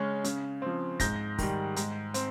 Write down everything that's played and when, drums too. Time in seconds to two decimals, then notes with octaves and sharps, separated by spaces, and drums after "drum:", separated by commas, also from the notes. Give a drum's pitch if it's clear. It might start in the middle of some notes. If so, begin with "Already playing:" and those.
Already playing: C#3 G#3 C#4
0.24 C#3, drum: hi-hat
0.62 F3 C4
1.00 G#2 G6 A#6, drum: kick, hi-hat
1.38 D#3 G3, drum: kick, open hi-hat
1.76 G#2, drum: hi-hat
2.14 C4, drum: hi-hat